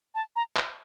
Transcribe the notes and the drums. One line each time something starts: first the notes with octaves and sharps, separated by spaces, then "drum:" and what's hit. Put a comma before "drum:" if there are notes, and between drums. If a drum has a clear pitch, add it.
A5
A#5
drum: clap